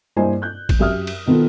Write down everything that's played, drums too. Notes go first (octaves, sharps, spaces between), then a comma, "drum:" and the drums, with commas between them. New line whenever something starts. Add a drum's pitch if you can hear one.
G2 A#3 E4 C5 D#5 G#5
F#6 G6
drum: kick A1, cymbal
F#2 G4 E5 D#6 F6
drum: cymbal
B2 D#3 B3 F4 A4